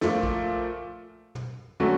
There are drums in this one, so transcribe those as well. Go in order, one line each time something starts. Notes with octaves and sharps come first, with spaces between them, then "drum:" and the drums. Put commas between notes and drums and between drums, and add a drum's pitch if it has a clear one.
A#2 F3 A3, drum: snare
drum: kick A#1
drum: tom
D3 F#3 A3 C#4 F#4